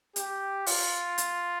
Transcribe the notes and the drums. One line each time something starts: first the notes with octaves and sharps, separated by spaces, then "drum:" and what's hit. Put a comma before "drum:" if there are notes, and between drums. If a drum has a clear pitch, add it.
G4, drum: hi-hat
F4, drum: open hi-hat
drum: hi-hat